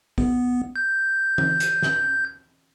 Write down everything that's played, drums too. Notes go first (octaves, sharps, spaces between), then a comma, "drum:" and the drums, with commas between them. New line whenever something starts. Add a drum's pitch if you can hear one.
B3, drum: kick A#1
G6
drum: tom E3
drum: hi-hat
drum: snare